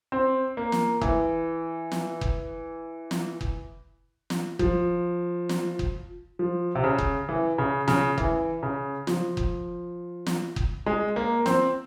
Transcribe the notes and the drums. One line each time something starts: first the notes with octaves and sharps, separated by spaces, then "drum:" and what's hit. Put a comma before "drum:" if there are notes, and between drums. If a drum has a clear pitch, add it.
C4
A#3
drum: snare
E3, drum: kick F#1
drum: snare
drum: kick F#1
drum: snare
drum: kick F#1
drum: snare
F3, drum: kick F#1
drum: snare
drum: kick F#1
F3
C3
C#3
drum: kick F#1
E3
C#3
C#3, drum: snare
E3, drum: kick F#1
C#3
F3, drum: snare
drum: kick F#1
drum: snare
drum: kick F#1
G#3
A#3
C4, drum: snare